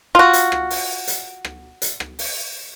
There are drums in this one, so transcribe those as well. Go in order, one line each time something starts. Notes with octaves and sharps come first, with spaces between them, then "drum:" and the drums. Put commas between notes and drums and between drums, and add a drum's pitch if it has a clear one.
F4 F#4
drum: hi-hat
drum: rim click
drum: open hi-hat
drum: hi-hat
drum: rim click
drum: hi-hat
drum: rim click
drum: open hi-hat